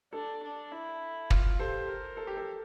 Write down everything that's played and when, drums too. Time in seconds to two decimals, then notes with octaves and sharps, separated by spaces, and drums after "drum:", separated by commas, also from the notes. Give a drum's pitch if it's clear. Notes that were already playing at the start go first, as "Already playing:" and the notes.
0.13 D4 A4
0.43 D4
0.72 E4
1.30 F4, drum: kick
1.59 G4 A4 C5
1.88 A#4
2.17 A4
2.27 G4
2.37 A4